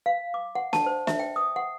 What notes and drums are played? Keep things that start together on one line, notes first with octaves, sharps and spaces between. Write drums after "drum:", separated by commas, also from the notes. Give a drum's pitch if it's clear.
F5
D6
F#5
A5, drum: snare
C5
E5, drum: snare
G5
D#6
F#5